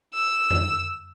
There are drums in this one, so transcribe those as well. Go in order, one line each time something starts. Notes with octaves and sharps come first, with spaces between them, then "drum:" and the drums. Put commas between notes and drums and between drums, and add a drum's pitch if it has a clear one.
E6
drum: tom F2